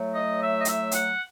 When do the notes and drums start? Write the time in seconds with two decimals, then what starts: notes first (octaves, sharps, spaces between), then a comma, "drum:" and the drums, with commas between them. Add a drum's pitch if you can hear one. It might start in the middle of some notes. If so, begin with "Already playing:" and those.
Already playing: A2 F#3 A3
0.12 D#5
0.39 E5
0.60 D#5
0.65 E5, drum: hi-hat
0.91 F#5, drum: hi-hat